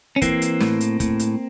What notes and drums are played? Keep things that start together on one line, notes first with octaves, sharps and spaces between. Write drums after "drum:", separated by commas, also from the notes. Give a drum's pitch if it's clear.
C#4
E3 A#3 C4, drum: kick, hi-hat
drum: hi-hat
A2, drum: snare
drum: hi-hat
A2, drum: kick, hi-hat
drum: hi-hat